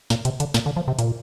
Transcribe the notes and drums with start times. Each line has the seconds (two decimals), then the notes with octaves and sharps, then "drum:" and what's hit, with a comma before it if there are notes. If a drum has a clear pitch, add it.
0.10 A#2, drum: snare
0.25 C3, drum: hi-hat
0.40 D3, drum: hi-hat
0.54 A#2, drum: snare
0.66 D3
0.76 F3
0.88 C3
0.99 A#2, drum: hi-hat